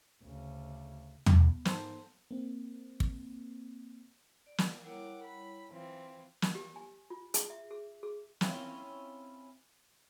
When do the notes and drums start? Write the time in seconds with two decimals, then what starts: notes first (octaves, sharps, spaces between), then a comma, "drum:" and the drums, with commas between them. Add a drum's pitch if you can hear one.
0.23 D2 C#3
1.26 drum: tom
1.39 B3
1.65 G#2 A4 C5, drum: snare
2.31 A#3 C4
3.00 drum: kick
4.46 D5
4.58 drum: snare
4.85 G3 E4 A#4 C#5 F#5 D6
5.23 B5
5.71 E3 C4 F4
6.42 drum: snare
6.55 G4
6.76 G#5
7.10 F4
7.34 G#4, drum: hi-hat
7.50 E5
7.70 G#4
8.03 G#4
8.41 C4 C#4 E4 F4, drum: snare